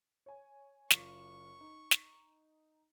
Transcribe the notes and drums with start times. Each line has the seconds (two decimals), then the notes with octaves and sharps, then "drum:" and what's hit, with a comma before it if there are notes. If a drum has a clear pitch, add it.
0.26 C#5 G#5
0.90 F#1 F4 C#6 D6, drum: snare
1.61 D#4
1.91 drum: snare